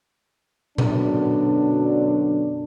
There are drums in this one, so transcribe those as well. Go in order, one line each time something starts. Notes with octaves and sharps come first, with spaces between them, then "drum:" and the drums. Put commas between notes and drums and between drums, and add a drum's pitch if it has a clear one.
F#2 B2 D3 F#3 D4, drum: tom A#2